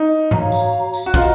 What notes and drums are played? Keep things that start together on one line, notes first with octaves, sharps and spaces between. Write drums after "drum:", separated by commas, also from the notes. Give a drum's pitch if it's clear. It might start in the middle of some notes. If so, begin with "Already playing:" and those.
Already playing: D#4
F#4 C#5 F5 A#5, drum: tom G#2
drum: tambourine
drum: tambourine
F#4
F4 B4 D#5 F#5 A#5, drum: kick